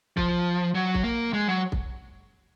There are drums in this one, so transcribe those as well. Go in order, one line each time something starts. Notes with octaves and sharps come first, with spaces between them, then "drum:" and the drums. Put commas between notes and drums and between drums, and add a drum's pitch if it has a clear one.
F3, drum: kick
F#3
drum: kick
A#3
G#3
F#3
drum: kick